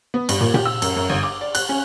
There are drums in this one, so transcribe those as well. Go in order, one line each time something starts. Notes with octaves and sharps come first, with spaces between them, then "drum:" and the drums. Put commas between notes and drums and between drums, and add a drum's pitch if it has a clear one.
B3
G2, drum: cymbal
A#2
G4, drum: tom A#2
E6
F#2, drum: cymbal
F#2
G1
D6
D5
F#6, drum: cymbal
C#4